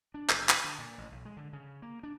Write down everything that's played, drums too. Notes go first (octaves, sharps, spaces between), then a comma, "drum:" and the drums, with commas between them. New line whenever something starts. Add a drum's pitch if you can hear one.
D4
F#1, drum: clap
drum: clap
D3
A#2
A1
B1
G#3
D3
C#3
A#3
D4